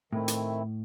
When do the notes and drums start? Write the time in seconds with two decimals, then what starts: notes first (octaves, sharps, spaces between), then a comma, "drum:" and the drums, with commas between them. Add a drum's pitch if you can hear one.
0.12 A2 D#3 A3 C4 E4
0.28 drum: hi-hat